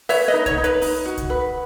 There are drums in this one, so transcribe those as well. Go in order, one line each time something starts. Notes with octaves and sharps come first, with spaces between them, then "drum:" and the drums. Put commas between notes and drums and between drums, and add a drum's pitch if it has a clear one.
B4 C#5 E5, drum: open hi-hat
B4 D#5
D#4
C#5, drum: kick C2, hi-hat
D#4
B4, drum: hi-hat
D#4, drum: open hi-hat
F#4
drum: kick C2, hi-hat
B4